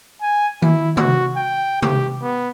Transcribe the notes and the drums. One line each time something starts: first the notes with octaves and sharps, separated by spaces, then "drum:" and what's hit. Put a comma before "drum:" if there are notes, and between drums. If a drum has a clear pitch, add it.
G#5
E4, drum: tom D#3
F#4, drum: tom C3
G5
G4, drum: tom C3
B3